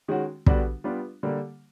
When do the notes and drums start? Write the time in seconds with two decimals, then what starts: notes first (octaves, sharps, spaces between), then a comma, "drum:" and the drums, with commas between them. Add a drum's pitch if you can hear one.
0.08 D#3 G#3 C#4 F#4
0.46 D3 G3 B3 D4 F#4, drum: kick
0.84 G3 B3 D4 F4
1.23 D3 G3 A#3